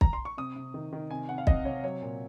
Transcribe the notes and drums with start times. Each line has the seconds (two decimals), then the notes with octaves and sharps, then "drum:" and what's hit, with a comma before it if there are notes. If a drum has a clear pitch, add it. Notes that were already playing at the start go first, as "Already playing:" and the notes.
0.01 A#5, drum: kick
0.13 C6
0.25 C#6
0.37 C3 D#6
0.56 C3
0.74 D#3
0.93 D#3
1.10 C3 G#5
1.29 C3 F#5
1.38 F5
1.47 C3 D#5, drum: kick
1.65 C3 C#5
1.83 F#3 C#5
2.02 A#2